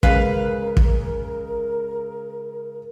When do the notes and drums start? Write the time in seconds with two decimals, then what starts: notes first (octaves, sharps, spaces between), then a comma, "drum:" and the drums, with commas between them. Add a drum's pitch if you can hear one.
0.03 C#3 G#3 A#4 B4 F5, drum: kick
0.77 drum: kick